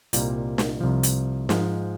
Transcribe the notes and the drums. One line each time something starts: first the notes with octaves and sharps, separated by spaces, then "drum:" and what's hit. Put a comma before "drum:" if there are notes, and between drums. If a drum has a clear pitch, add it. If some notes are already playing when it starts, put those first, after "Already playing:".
C2 A#2 G3 A#3 D#4, drum: hi-hat
drum: snare
C2 C3 F3
drum: hi-hat
G#2 F3 G#3, drum: snare